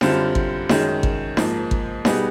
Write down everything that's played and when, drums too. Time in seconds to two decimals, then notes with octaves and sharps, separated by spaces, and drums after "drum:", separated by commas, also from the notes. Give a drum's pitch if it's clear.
0.01 F#2 D3 G3 C4 F4, drum: snare D#4
0.35 drum: kick G#1
0.69 F#2 D#3 G#3 C#4, drum: snare D#4
1.03 drum: kick G#1
1.37 G#2 F3 A#3, drum: snare D#4
1.71 drum: kick G#1
2.05 B2 G3 B3 D#4 G#4, drum: snare D#4